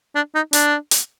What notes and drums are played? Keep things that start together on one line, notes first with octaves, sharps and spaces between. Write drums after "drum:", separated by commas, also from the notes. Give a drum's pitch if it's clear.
D4
D#4
D4, drum: hi-hat
drum: hi-hat